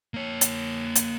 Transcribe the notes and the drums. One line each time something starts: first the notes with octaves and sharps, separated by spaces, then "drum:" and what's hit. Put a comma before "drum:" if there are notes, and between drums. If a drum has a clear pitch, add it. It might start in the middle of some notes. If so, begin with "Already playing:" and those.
A#3 C#5
drum: hi-hat
drum: hi-hat